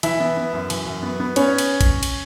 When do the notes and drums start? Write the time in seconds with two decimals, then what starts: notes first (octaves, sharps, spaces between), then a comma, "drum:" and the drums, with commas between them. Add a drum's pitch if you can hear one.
0.03 E3 E4 E5, drum: cymbal
0.20 B3
0.37 B3
0.53 F#2
0.70 E3, drum: cymbal
0.86 F#2
1.03 B3
1.20 B3
1.36 B3 C#4 C#5, drum: cymbal
1.58 drum: cymbal
1.81 drum: kick A1, cymbal
2.03 drum: cymbal